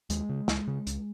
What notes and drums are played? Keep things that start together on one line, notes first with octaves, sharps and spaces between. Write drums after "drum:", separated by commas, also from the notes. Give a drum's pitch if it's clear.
D#2 G#3, drum: hi-hat
C#3
C#2, drum: snare
C#3
C#2, drum: hi-hat